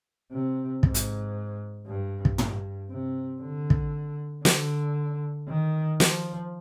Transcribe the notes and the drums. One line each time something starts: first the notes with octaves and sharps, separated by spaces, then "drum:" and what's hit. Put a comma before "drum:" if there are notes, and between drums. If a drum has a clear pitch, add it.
C3
G#2, drum: kick
drum: hi-hat
G2
drum: kick
G2, drum: tom
C3
D3
drum: kick
D3, drum: snare
D#3
F3, drum: snare